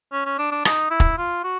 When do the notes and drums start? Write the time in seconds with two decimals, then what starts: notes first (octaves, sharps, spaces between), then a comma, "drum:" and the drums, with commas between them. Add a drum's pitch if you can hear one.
0.13 C#4
0.26 C#4
0.39 D4
0.52 D4
0.65 D#4, drum: rim click
0.90 E4
1.00 drum: kick
1.18 F4
1.44 F#4